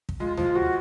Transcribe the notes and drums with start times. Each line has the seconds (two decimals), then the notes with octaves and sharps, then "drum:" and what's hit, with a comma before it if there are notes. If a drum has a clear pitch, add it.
0.09 drum: kick
0.20 G#3 F4
0.37 F3 F4, drum: tom D2
0.55 F3 F#4